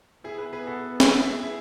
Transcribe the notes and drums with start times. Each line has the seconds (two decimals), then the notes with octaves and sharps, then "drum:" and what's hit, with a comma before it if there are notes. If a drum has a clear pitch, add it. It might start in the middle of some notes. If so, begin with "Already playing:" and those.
0.24 B3 E4 G#4
0.38 G#4 B4
0.53 G#4 B4
0.67 F#4 A4
1.00 F#4 A4, drum: snare
1.20 E4 G#4
1.39 E4 G#4